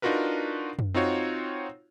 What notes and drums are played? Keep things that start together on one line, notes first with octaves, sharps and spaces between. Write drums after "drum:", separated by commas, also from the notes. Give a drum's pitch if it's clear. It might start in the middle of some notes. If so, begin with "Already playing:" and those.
D4 D#4 F4 F#4 A#4 B4
drum: tom F#2
C4 D#4 F4 F#4 C#5